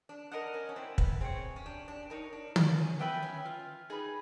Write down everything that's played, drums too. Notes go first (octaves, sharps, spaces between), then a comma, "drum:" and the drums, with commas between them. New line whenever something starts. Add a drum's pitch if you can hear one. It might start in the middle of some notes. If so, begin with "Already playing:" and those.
D4
D4 A#4 D#5 F#5
C#4
C#4
C4 E4
B3, drum: kick
C4 G#4 C#5
C#4
D4 G4
D4
D#4 A#4 C#5
D4
D4 F#4, drum: tom
C#4
B3 B4 E5 G5
C#4
F4
D#4 G#4 B4